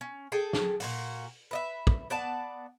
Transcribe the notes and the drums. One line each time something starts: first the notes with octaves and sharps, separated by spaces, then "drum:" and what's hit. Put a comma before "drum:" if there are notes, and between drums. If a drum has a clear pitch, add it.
C#4
G#4 A4 G5
drum: snare
A#2 C#3 F#4, drum: open hi-hat
B4 D#5 E5
drum: kick
B3 D5 F#5 A5